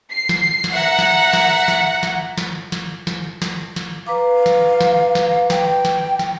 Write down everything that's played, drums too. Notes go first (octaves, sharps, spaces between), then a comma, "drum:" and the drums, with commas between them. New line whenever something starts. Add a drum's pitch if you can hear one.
C7
drum: snare
drum: snare
E5 F#5 A#5
drum: snare
drum: snare
drum: snare
drum: snare
drum: snare
drum: snare
drum: snare
drum: snare
drum: snare
B4 F5 A#5 D6
drum: snare
drum: snare
drum: snare
G5, drum: snare
drum: snare
drum: snare